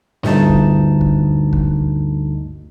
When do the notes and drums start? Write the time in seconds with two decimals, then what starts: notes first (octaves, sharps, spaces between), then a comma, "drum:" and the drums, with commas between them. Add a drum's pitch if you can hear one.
0.23 G1 D2 G2 D#4 A5, drum: snare
0.49 drum: kick
1.01 drum: kick
1.53 drum: kick